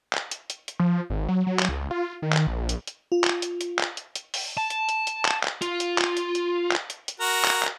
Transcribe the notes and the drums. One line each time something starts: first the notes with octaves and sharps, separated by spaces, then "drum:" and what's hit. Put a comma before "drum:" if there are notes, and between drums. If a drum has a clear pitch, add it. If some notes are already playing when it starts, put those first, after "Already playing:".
drum: clap
drum: hi-hat
drum: hi-hat
drum: hi-hat
F3
G#1
F#3
F#3
drum: clap
C#2
F4
D#3
drum: clap
A#1
drum: hi-hat
drum: hi-hat
F4
drum: clap
drum: hi-hat
drum: hi-hat
drum: clap
drum: hi-hat
drum: hi-hat
drum: open hi-hat
A5
drum: hi-hat
drum: hi-hat
drum: hi-hat
drum: clap
drum: clap
F4, drum: hi-hat
drum: hi-hat
drum: clap
drum: hi-hat
drum: hi-hat
drum: clap
drum: hi-hat
drum: hi-hat
F#4 A#4
drum: clap
drum: clap